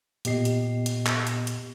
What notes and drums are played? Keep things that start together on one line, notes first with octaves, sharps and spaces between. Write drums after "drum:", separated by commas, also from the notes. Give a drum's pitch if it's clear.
A#2 B3 G4 D#5 C7, drum: hi-hat
drum: hi-hat
drum: hi-hat
drum: clap
drum: hi-hat
drum: hi-hat